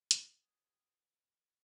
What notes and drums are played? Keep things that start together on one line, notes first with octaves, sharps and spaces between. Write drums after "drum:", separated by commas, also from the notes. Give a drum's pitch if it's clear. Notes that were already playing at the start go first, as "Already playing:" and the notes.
C4 F4 G#4 B4 D#6 F#6 A6, drum: hi-hat